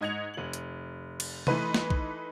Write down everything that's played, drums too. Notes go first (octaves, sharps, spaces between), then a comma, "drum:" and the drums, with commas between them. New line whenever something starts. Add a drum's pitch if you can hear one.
G#2 D#5 G#6 C#7 F7
F1 F#7
drum: hi-hat
drum: cymbal
E3 A3 D#4 B4 C6 D#7, drum: tom C3
drum: snare
drum: kick B1